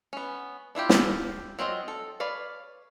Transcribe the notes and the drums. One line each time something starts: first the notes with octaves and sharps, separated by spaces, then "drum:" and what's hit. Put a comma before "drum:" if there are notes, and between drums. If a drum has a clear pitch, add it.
B3 C#4
D4 E4 F4 G4
drum: snare
F#3 C4 D4 F4 D#5
A4
B4 C#5 D5 F5